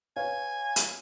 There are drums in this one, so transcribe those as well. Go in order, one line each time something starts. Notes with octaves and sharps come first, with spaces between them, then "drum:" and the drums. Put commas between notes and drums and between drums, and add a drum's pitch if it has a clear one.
B4 C#5 F5 G#5
drum: hi-hat